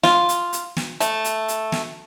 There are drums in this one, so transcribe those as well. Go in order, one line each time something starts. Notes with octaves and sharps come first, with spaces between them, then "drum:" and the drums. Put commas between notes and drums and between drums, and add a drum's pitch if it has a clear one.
F4, drum: snare
drum: hi-hat
drum: hi-hat
drum: snare
A3, drum: hi-hat
drum: hi-hat
drum: hi-hat
drum: snare